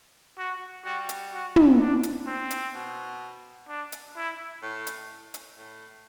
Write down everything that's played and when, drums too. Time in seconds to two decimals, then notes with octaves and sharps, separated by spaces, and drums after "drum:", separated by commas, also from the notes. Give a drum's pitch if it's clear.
0.38 F#4
0.85 G3 F#4
1.09 drum: hi-hat
1.33 F#4
1.56 drum: tom
1.80 D4
2.03 drum: hi-hat
2.26 C4
2.51 drum: hi-hat
2.74 B2
3.68 D4
3.92 drum: hi-hat
4.16 E4
4.63 A2
4.87 drum: hi-hat
5.34 drum: hi-hat
5.58 A2